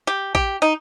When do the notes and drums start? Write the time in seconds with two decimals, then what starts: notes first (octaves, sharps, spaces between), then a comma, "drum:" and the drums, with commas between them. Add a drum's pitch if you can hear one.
0.07 G4
0.35 G4, drum: kick A1
0.62 D#4